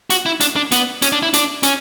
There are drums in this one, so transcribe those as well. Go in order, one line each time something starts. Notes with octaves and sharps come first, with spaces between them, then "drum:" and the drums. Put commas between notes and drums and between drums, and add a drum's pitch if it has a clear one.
F#4, drum: hi-hat
E4
D4, drum: hi-hat
D4
B3, drum: hi-hat
C#4, drum: hi-hat
D4
E4
D4, drum: hi-hat
C#4, drum: hi-hat